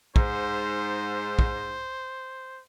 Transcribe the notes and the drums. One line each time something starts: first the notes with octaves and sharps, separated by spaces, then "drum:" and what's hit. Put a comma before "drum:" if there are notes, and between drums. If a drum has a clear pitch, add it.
G#2 C5, drum: kick
drum: kick